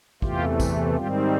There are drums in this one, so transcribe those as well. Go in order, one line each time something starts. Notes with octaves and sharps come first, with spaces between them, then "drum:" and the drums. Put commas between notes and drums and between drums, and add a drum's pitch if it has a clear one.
E2 C3 E3 A3 F4 G4, drum: kick
drum: kick, tambourine
G#2 D#3 G3 C4 F4 G4